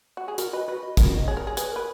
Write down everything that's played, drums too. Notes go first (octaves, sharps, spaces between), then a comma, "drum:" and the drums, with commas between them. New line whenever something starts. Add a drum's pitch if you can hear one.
F#4
G#4
F#4 A#4, drum: hi-hat
B4 D#5
F#4 B4
D#5
F4 A#4, drum: kick, hi-hat
F#4
D#5
G#4 C#5
A#4
G#4
G#4 B4, drum: hi-hat
A#4 B4